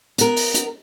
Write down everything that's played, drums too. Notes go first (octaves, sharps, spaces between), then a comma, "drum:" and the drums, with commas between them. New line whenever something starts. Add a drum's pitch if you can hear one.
B3 A#4, drum: hi-hat
drum: open hi-hat
drum: hi-hat